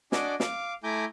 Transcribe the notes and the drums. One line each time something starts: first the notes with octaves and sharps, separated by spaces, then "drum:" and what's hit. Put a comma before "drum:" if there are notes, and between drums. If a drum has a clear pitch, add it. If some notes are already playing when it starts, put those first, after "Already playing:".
D4 F#4 D5 D#5 G#5 D6, drum: snare
F5 D6, drum: snare
A3 E4 G#5 A#5 D6 G6